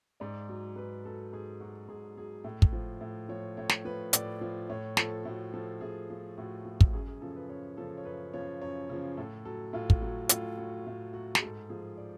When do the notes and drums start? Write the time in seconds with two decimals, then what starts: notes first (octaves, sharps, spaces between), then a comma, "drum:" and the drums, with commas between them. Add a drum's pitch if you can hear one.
0.20 G#2 D5
0.49 F#3
0.76 G#2 B4
1.05 F#3 A4
1.33 G#2 G#4
1.60 F#3 F#4
1.88 G#2 G#4
2.17 F#3 G#4
2.44 A2
2.62 drum: kick
2.73 F3
3.01 A2
3.29 F3 C#5
3.57 A2 C#5
3.69 drum: snare
3.85 F3 B4
4.13 A2 D5, drum: hi-hat
4.41 F3
4.69 A2 C#5
4.97 F3 A4, drum: snare
5.25 A2 F#4
5.54 F3 A4
5.81 A2 G#4
6.10 F3
6.38 A2 F#4
6.65 F3
6.81 drum: kick
6.93 F#2 G#4
7.07 G#4
7.21 C#3 F3 A4
7.36 B4
7.49 F#2 C#5
7.77 C#3 F3 A4
7.97 C#5
8.05 F#2 B4
8.34 C#3 F3 C#5
8.62 F#2 C#5
8.89 C#3 F3
9.17 A2 A4
9.45 F#3 A4
9.73 A2 F4
9.90 drum: kick
10.02 F#3 F#4
10.29 A2 F4, drum: hi-hat
10.58 F#3 F#4
10.86 A2
11.13 F#3 F#4
11.35 G#4, drum: snare
11.42 G#2 A4
11.69 F3 G#4
11.97 D5